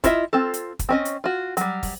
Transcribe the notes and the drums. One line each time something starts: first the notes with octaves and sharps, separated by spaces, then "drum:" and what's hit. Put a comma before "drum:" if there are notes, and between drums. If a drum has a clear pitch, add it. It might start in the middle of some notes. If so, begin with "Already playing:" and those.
E4 F4 D#5 E5, drum: kick, hi-hat
C4 F4 A4
drum: hi-hat
drum: kick, hi-hat
C4 C#4 D#5
drum: hi-hat
F4 F#4
F#3 G3, drum: hi-hat
drum: kick, open hi-hat